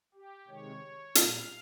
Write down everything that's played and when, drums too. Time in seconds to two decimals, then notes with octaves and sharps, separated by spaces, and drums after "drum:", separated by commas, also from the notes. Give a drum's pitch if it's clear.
0.14 G4
0.48 C3 D#3 G#3 C#5
1.15 A#2 G3 F5, drum: hi-hat